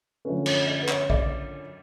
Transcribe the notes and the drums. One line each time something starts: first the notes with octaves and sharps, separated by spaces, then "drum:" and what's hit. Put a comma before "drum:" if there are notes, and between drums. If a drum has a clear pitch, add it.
F#2 D3 F3 A3 C#4 B4
C#5, drum: cymbal
D5
B4
C#5, drum: clap
D5, drum: kick A#1